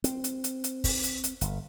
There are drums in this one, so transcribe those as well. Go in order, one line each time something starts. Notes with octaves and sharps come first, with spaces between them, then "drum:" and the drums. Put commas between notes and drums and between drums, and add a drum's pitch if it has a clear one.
C4, drum: hi-hat
drum: hi-hat
drum: hi-hat
drum: hi-hat
drum: kick, open hi-hat
drum: hi-hat
drum: hi-hat
G1, drum: hi-hat